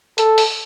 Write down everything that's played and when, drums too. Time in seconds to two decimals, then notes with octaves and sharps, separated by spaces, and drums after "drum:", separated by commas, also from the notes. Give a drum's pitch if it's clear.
0.18 A4, drum: hi-hat
0.38 drum: open hi-hat